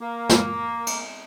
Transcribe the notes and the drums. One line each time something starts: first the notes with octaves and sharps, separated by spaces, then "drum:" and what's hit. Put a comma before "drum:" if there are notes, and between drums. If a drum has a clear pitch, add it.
A#3
drum: snare
drum: cymbal